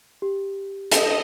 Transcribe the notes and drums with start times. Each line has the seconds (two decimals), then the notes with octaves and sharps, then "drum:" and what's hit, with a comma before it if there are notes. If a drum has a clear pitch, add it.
0.22 G4
0.92 A4 D#5, drum: hi-hat